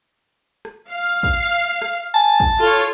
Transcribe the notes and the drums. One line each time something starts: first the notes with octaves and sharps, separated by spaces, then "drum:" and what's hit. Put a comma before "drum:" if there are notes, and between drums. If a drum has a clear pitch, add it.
drum: rim click
F5
drum: kick
drum: rim click
G#5 A5
drum: kick
F4 A4 C#5